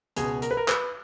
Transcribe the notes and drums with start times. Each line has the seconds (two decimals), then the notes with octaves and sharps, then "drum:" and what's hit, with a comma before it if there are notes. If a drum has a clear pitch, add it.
0.16 C#2 B2 G#4, drum: hi-hat
0.42 A#4, drum: hi-hat
0.51 B4
0.57 A#4
0.68 B4, drum: clap